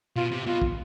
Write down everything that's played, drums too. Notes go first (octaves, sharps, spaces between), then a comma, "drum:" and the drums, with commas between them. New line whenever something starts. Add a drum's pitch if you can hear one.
B2 F4
C3
B2 F4
drum: kick